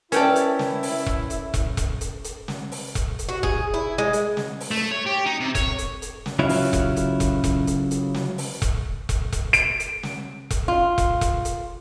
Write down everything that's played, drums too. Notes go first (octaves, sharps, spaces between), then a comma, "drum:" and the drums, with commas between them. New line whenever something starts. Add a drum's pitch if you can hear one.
C#4 E4 A#4 B4 D5 E5 G5 A5, drum: hi-hat
drum: hi-hat
drum: snare
drum: open hi-hat
drum: kick E1
drum: hi-hat
drum: kick E1, hi-hat
drum: kick E1, hi-hat
drum: hi-hat
drum: hi-hat
drum: snare
drum: open hi-hat
drum: kick E1, hi-hat
drum: hi-hat
F#4
G#4, drum: kick E1
E4
G#3
drum: hi-hat
drum: snare
drum: open hi-hat
A3
C#5
G4
D#4
C3
C#5, drum: kick E1, hi-hat
drum: hi-hat
drum: hi-hat
drum: snare
C#3 F#3 C#4 E4 F4
drum: open hi-hat
drum: kick E1, hi-hat
drum: hi-hat
drum: kick E1, hi-hat
drum: kick E1, hi-hat
drum: hi-hat
drum: hi-hat
drum: snare
drum: open hi-hat
drum: kick E1, hi-hat
drum: kick E1, hi-hat
drum: kick E1, hi-hat
D7, drum: hi-hat
drum: hi-hat
drum: snare
drum: kick E1, hi-hat
F4
drum: kick E1, hi-hat
drum: kick E1, hi-hat
drum: hi-hat